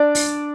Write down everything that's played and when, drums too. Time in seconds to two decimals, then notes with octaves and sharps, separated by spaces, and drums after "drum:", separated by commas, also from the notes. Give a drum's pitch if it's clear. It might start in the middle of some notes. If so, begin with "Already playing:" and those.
Already playing: D4 D5
0.15 drum: open hi-hat